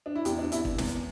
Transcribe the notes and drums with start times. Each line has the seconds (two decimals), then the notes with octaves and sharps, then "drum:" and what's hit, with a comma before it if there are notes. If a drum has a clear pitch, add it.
0.06 D4
0.15 E4
0.25 E2 G4, drum: hi-hat
0.39 D4
0.52 E2 E4, drum: hi-hat
0.65 drum: kick
0.78 E2, drum: snare